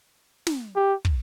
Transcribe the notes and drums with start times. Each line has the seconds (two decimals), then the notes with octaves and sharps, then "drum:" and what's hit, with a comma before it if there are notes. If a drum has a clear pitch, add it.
0.47 drum: snare
0.76 G4
1.05 drum: kick